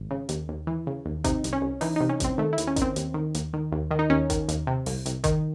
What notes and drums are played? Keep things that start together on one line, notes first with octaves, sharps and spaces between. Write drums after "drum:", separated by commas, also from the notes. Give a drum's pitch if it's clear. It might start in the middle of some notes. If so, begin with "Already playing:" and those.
Already playing: G#1
C#3
D#2, drum: hi-hat
D#2
E3
C#3
D#2
C3 D#4, drum: kick G#1, hi-hat
C2, drum: hi-hat
C#4
C2
E3 D#4, drum: open hi-hat
C3 D#4
C#4
C2 C4, drum: kick G#1, hi-hat
D#3 A3
E4
D#2, drum: hi-hat
C#4
D#3, drum: kick G#1, hi-hat
C4
D#2, drum: hi-hat
D#3
D#2, drum: hi-hat
D#3
D#2
D#3
D#4
D#2 C#4
D#3, drum: kick G#1, hi-hat
D#2, drum: hi-hat
C3
C2, drum: open hi-hat
C2, drum: hi-hat
D#3, drum: kick G#1, hi-hat